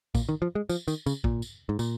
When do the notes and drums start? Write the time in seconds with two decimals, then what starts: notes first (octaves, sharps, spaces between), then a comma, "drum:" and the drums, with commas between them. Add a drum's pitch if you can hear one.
0.15 A#2, drum: kick A#1, tambourine
0.29 D#3
0.42 F3
0.55 G#3
0.69 F3, drum: tambourine
0.88 D#3, drum: tambourine
1.06 C#3, drum: tambourine
1.24 A#2, drum: kick A#1
1.42 drum: tambourine
1.69 G#2
1.79 A#2, drum: tambourine